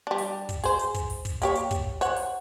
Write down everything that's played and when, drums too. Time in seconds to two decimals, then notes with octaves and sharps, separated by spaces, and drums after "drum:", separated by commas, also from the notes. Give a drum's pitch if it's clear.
0.07 G3 D4
0.18 drum: open hi-hat
0.49 drum: kick, hi-hat
0.64 G#4 C5, drum: open hi-hat
0.79 drum: hi-hat
0.94 drum: kick, hi-hat
1.10 drum: open hi-hat
1.25 drum: kick, hi-hat
1.42 A#3 G4 C#5, drum: hi-hat
1.55 drum: hi-hat
1.71 drum: kick, hi-hat
2.01 C5 C#5 F#5, drum: hi-hat
2.16 drum: open hi-hat